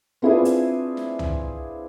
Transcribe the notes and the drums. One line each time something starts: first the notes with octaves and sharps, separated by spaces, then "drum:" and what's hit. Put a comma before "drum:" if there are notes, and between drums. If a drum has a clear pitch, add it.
C4 D4 E4 F4 G#4 B4
drum: hi-hat
drum: snare
drum: tom